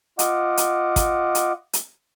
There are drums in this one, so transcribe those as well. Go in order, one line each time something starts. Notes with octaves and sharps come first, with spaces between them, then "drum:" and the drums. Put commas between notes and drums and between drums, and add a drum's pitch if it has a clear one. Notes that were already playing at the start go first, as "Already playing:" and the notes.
F4 D#5 F#5 D6, drum: hi-hat
drum: hi-hat
drum: kick, hi-hat
drum: hi-hat
drum: hi-hat